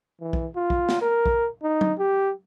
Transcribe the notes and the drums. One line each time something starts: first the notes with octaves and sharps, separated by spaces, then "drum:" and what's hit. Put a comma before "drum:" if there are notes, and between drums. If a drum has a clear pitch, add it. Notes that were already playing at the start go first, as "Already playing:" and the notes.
E3
drum: kick
F4
drum: kick
drum: snare
A#4
drum: kick
D#4
drum: tom F#3
G4